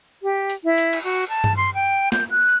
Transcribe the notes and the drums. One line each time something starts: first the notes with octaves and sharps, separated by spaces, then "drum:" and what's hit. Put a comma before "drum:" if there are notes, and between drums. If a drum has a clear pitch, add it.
G4
drum: hi-hat
E4
drum: hi-hat
drum: cymbal
F#4
A5
drum: tom G2
C6
G5
G6, drum: snare
F#6